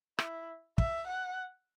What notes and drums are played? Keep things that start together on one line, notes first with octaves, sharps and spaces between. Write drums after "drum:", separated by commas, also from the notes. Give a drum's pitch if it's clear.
E4, drum: rim click
E5, drum: kick
F#5